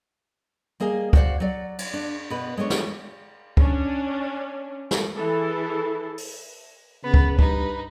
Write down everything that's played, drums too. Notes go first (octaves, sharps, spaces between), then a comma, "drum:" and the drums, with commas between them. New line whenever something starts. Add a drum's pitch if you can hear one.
G3 A#3 G#4 D#5 G#5
F#4 C5 D5 D#5 F5 F#5, drum: kick C#2
F#3 D5
drum: cymbal
D4
B2 B4
G#3 B3 C#4 D4 C#5
drum: snare
C#4 D4, drum: kick C#2
drum: snare
E3 E4 G#4 A4
drum: open hi-hat
C#3 B3 B4
drum: kick C#2
G2 D#4, drum: kick C#2